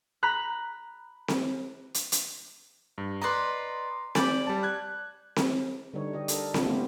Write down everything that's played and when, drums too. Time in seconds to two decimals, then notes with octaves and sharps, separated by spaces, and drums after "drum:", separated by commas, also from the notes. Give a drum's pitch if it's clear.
0.23 A#5 B5 F#6
1.28 drum: snare C4
1.94 drum: hi-hat
2.12 drum: hi-hat
2.98 G2
3.22 B4 D5 D#5 A#5 C6
4.15 D5 G#5 B5 D6 G6, drum: snare C4
4.47 G3 A5
4.63 F#6 G#6
5.36 drum: snare C4
5.94 D3 G3 D4 D#4 C#5
6.13 D3 G4 D#5
6.28 D4 A4 A#4, drum: hi-hat
6.54 A#2 D3 F#3 E4 F4, drum: snare C4
6.66 C#3 G#3 A#3 B3 E4 G4